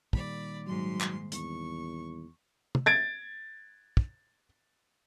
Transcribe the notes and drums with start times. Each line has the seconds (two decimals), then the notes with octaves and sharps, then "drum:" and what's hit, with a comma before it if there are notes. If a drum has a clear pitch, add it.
0.13 A#2 D#3 G3 D5 B5, drum: kick
0.67 G#2 F#3 C6
1.01 drum: clap
1.32 E2 C#6, drum: hi-hat
2.75 drum: tom
2.86 G#6 A6 D7
3.97 drum: kick